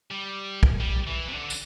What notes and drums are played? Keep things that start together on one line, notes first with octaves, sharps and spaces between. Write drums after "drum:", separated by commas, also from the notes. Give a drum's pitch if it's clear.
G3
drum: kick
G3
E3
C3
D3
drum: tambourine